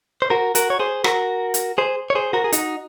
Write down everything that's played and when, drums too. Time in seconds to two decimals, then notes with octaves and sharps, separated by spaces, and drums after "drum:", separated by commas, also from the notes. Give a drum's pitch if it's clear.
0.22 C5
0.30 F#4 A#4
0.55 F#4 A#4, drum: hi-hat
0.70 C#5
0.80 G#4 C5
1.04 F#4 A#4, drum: rim click
1.54 drum: hi-hat
1.78 G#4 C5
2.10 C#5
2.15 G#4 C5
2.33 F#4 A#4
2.44 G#4
2.52 D#4 F#4, drum: hi-hat